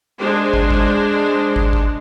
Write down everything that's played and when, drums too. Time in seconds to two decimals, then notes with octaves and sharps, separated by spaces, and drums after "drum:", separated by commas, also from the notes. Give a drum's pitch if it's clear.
0.19 G#3 D4 C5
0.53 drum: kick
0.71 drum: kick
1.56 drum: kick
1.73 drum: kick